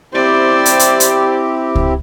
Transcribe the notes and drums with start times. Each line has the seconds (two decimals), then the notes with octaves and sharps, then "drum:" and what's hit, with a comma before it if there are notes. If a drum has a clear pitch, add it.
0.14 C4 E4 G4 C5 D5
0.66 drum: hi-hat
0.79 drum: hi-hat
1.00 drum: hi-hat
1.75 drum: kick C#2